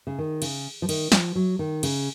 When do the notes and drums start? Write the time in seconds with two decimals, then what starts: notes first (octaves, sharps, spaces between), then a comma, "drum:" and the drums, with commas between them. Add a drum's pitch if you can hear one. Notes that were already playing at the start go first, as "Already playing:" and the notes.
0.07 C#3
0.19 D#3
0.42 C#3, drum: cymbal
0.82 F3
0.89 D#3, drum: cymbal
1.12 F3, drum: snare
1.36 F#3
1.59 D#3
1.83 C#3, drum: cymbal